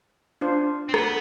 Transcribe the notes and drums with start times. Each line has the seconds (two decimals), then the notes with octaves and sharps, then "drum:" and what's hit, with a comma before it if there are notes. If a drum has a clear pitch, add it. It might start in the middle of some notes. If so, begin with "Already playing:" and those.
0.41 D4 F4 C5
0.89 C4
0.94 B3, drum: rim click